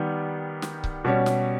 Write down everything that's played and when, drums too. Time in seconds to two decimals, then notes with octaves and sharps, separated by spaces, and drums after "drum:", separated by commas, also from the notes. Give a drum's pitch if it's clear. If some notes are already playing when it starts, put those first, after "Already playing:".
Already playing: D#3 G3 B3
0.62 drum: snare
0.84 drum: kick C#1
1.05 B2 G3 C#4
1.26 drum: snare